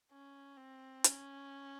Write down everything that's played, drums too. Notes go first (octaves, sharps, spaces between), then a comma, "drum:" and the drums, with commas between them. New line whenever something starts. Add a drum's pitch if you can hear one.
C#4
C4
C#4, drum: hi-hat